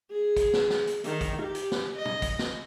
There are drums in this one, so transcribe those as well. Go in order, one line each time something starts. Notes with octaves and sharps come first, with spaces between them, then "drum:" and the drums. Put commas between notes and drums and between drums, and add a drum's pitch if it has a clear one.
G#4
drum: kick, hi-hat
drum: snare
drum: snare
drum: hi-hat
D#3, drum: hi-hat
drum: kick, hi-hat
G4
drum: hi-hat
drum: snare
D#5
drum: tom
drum: kick, hi-hat
drum: snare